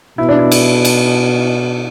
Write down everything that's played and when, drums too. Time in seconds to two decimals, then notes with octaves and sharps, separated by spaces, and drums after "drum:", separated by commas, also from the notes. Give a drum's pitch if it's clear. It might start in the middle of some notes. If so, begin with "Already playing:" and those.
0.18 B2 E4
0.29 D4
0.39 E4
0.52 drum: cymbal
0.85 drum: cymbal